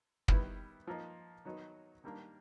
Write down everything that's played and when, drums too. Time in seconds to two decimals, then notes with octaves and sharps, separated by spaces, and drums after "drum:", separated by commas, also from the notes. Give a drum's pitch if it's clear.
0.28 D#3 G3 B3 E4, drum: kick
0.87 F3 A#3 D#4
1.45 D#3 F#3 B3 D#4
2.04 D#3 G3 A#3 D4